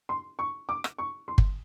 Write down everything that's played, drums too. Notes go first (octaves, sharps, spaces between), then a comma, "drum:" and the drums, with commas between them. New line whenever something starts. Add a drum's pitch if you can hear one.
C6
C#6
D6
drum: rim click
C#6
C6
drum: kick G1